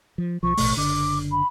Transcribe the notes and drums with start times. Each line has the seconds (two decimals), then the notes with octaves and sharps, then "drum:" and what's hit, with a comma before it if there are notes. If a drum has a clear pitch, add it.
0.18 F3
0.43 B1 F3 C#6
0.57 A1 B2 A3, drum: open hi-hat
0.77 F#1 D3 D6
1.31 B5